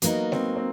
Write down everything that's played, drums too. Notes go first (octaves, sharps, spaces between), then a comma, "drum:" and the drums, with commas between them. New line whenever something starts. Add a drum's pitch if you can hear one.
F#3 A#3 B3 D#4, drum: hi-hat
C4, drum: snare G#3
C4